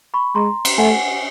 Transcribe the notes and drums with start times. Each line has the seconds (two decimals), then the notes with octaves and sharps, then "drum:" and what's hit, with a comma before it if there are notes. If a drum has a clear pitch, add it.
0.14 B5 C#6
0.35 G#3 A#5 C6
0.65 drum: cymbal
0.78 A3 F#5 G#5